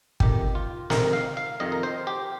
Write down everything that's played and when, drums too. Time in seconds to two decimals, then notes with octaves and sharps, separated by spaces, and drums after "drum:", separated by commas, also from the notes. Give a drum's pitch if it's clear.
0.20 F2 C3 D#3 G4, drum: kick
0.55 F4
0.90 F2 C3 D#3 A#4, drum: snare
1.13 F5
1.37 F5
1.60 F2 C3 D#3 D#5
1.72 A#4
1.83 C5
2.07 G4